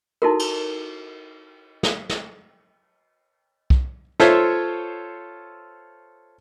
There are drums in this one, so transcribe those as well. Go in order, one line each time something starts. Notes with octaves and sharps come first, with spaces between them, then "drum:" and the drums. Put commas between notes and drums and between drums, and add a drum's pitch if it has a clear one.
D#4 E4 F#4 A4 A#4
drum: cymbal
drum: snare
drum: snare
drum: kick
F4 A4 C5 C#5 E5, drum: snare